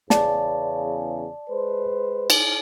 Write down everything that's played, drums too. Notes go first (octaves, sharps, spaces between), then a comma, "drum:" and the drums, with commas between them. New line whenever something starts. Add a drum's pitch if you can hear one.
E2 C#3 D5 A5, drum: snare
G#3 B4 C5
drum: cymbal